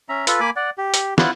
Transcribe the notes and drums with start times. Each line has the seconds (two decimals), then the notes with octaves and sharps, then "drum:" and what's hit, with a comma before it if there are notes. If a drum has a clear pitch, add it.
0.09 C#4 E5 A#5
0.27 F4 A4 B4, drum: hi-hat
0.40 A#3 G#5 B5 D6
0.56 D5 F#5
0.78 G4
0.94 drum: hi-hat
1.18 E4 F4 F#5, drum: snare